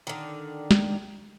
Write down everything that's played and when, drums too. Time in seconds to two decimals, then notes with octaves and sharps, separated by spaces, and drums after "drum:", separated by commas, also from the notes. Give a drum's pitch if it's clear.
0.07 D3 D#3
0.71 drum: snare